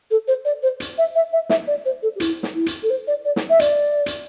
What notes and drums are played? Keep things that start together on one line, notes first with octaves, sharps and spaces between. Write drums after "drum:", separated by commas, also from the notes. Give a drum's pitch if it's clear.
A4
C5
D5
C5
drum: hi-hat
E5
E5
E5
E5, drum: snare
D5
C5
A4
G4
E4, drum: hi-hat
drum: snare
E4
drum: hi-hat
A4
C5
D5
D5
drum: snare
E5
D5, drum: hi-hat
drum: hi-hat